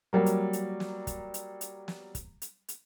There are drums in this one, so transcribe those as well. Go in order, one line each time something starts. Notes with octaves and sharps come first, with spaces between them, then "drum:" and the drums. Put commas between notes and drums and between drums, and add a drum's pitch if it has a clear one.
F#3 G3 A#3
drum: hi-hat
drum: hi-hat
drum: snare
drum: kick, hi-hat
drum: hi-hat
drum: hi-hat
drum: snare
drum: kick, hi-hat
drum: hi-hat
drum: hi-hat